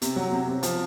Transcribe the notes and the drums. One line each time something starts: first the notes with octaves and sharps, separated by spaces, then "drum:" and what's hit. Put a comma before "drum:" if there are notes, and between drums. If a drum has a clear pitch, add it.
C3, drum: hi-hat
F#3
C3
C3
F3, drum: hi-hat